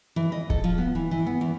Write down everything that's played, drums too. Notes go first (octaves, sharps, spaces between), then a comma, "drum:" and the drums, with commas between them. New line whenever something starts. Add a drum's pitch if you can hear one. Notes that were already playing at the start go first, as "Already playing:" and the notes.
E3
D#5
A4, drum: kick
F3
B3
E3
E3
B3
E2